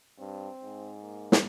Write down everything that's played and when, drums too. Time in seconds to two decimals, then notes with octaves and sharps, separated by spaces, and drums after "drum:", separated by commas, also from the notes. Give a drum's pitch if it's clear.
0.19 G2 C4
0.62 G#2
1.04 A#3
1.32 drum: snare